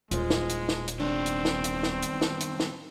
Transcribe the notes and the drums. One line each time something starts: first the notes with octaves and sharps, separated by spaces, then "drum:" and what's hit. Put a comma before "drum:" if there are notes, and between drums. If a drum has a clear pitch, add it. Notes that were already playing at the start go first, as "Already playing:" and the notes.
D#1 G#3 F4 C5, drum: hi-hat
drum: snare
drum: hi-hat
drum: snare
drum: hi-hat
D#3 G3 B3 C4 D4
drum: hi-hat
drum: snare
drum: hi-hat
drum: snare
drum: hi-hat
drum: snare
drum: hi-hat
drum: snare